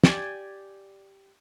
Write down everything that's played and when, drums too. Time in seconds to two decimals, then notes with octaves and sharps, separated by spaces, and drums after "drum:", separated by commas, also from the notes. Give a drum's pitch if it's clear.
0.04 G4 D5 G#5, drum: snare